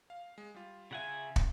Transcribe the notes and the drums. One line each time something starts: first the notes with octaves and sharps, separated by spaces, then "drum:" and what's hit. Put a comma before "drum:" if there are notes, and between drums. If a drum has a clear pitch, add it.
F5
G#3
G3 F4
C#3 F4 E5 F#5 G#5
drum: kick